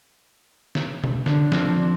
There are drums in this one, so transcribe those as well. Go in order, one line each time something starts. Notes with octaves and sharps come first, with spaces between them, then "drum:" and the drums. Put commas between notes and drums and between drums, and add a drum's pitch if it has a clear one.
drum: snare
drum: tom B2
D3 D4, drum: snare
F3 C4, drum: snare